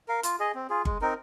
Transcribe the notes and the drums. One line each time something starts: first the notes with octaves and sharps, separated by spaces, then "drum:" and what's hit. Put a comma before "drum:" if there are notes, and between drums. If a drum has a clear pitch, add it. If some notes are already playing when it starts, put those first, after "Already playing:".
A#4 F5
F4, drum: hi-hat
G#4 D#5
C4
F4 G#4
G#3, drum: kick G1
C4 D#4 A#4